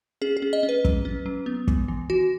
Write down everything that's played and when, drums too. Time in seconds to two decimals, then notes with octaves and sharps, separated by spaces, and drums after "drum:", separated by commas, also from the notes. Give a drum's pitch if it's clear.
0.22 C#4 G#4
0.37 G#4
0.42 C#4
0.53 D#5
0.63 C#4
0.69 B4
0.85 F#3, drum: kick
1.05 C#4
1.26 F#3
1.46 B3
1.68 E3, drum: kick
1.88 E3
2.10 E3 F#4